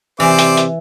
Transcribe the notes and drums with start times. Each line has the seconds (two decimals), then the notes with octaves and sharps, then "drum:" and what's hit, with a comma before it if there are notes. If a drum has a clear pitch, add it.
0.20 C3 E3 C5 D5 E5 D6
0.39 drum: hi-hat
0.57 drum: hi-hat